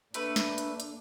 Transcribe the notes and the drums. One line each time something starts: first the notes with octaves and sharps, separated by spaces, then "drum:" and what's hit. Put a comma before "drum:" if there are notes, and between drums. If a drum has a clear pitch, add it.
A3 A#3 D4 B4, drum: hi-hat
drum: snare
drum: hi-hat
drum: hi-hat